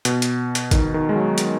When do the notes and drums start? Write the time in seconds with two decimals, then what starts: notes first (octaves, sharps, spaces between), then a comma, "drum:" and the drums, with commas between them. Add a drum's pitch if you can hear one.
0.05 B2, drum: hi-hat
0.22 drum: hi-hat
0.55 drum: hi-hat
0.71 D#3, drum: kick G#1, hi-hat
0.94 D#3
1.09 G#3
1.16 F#3
1.38 drum: hi-hat